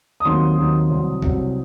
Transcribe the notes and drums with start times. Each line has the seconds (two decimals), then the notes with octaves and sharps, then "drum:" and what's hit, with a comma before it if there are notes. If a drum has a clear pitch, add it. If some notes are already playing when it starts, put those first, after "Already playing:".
0.20 D#6
0.25 D#2 D#3 F#3 C4 C6
0.58 D#2 D#3 F#3 C4
0.90 C2 C3 F#3 C4
1.22 C2 C3 F#3 C4, drum: kick C2